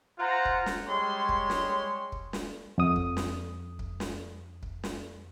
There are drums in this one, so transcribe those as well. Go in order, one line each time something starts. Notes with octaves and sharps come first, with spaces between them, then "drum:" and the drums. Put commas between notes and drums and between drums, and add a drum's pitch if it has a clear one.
F4 C5 F#5 A#5
drum: kick
drum: snare
G3 G#3 C#5 C6
drum: kick
drum: snare
drum: kick
drum: snare
F2 D#6
drum: kick
drum: snare
drum: kick
drum: snare
drum: kick
drum: snare